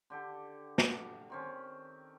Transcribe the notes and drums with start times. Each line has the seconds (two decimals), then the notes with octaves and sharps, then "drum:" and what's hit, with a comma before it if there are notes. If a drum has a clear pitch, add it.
0.10 D3 G4 A4
0.78 drum: snare A#3
1.30 D#3 C4 C#4